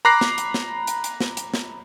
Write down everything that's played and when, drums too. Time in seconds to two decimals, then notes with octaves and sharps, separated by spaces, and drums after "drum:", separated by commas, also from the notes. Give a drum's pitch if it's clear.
0.05 A#5 B5 D6 F#6 A#6 C7
0.21 drum: snare
0.38 drum: hi-hat
0.54 drum: snare
0.87 drum: hi-hat
1.04 drum: hi-hat
1.20 drum: snare
1.37 drum: hi-hat
1.54 drum: snare